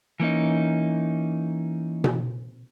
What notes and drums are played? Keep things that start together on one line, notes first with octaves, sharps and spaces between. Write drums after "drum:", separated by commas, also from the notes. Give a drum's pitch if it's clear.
E3 A#3 C#4 D#4
drum: tom B2